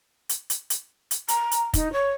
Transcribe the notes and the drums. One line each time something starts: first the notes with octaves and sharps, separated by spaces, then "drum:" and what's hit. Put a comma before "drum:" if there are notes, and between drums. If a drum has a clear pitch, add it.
drum: hi-hat
drum: hi-hat
drum: hi-hat
drum: hi-hat
A#5, drum: hi-hat
drum: hi-hat
D#4, drum: kick, hi-hat
C#5